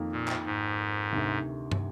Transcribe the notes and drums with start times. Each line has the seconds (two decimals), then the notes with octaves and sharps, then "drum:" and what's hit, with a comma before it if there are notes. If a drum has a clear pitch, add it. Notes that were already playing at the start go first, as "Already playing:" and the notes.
Already playing: F2 D#3 A#3
0.12 A#2
0.28 drum: clap
0.46 G#2
1.11 D2 C3 D#3
1.72 drum: tom